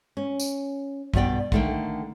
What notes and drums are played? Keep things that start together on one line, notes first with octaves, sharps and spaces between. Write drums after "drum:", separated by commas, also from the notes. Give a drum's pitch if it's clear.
C#4
drum: tambourine
G2 B2 F4 D5 G5, drum: kick
D3 D#3 A3 A#3 G5, drum: kick